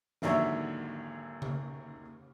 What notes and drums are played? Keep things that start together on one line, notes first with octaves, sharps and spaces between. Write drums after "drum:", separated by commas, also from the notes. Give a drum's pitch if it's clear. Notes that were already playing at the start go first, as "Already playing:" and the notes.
G#1 D#2 D3 F#3 C#5 E5, drum: snare
drum: tom C#3